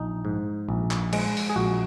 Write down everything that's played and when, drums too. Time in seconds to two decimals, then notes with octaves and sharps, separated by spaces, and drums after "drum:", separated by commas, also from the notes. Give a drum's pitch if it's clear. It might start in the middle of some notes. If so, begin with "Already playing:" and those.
Already playing: A#1 D#4
0.25 G#2
0.69 A#1
0.91 drum: clap
1.13 G#3, drum: cymbal
1.37 drum: open hi-hat
1.49 G#4
1.56 A#1 F#4